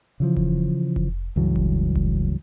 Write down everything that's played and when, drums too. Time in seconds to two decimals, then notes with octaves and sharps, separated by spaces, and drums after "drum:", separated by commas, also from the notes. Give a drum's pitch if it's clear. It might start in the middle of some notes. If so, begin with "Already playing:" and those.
0.20 C#3 E3 F3
0.37 drum: kick F1
0.96 drum: kick F1
1.36 C#2 G2 E3 F#3
1.56 drum: kick F1
1.96 drum: kick F1